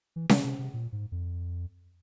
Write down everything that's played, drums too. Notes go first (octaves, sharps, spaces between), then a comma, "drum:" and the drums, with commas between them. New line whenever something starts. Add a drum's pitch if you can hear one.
E3
C#3, drum: snare C#4
C3
C3
A#2
G#2
F2